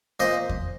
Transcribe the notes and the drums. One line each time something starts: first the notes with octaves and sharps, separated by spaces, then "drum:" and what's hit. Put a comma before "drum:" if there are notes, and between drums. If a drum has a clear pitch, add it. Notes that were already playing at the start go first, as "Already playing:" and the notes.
A#2 C5 D#5
drum: kick E2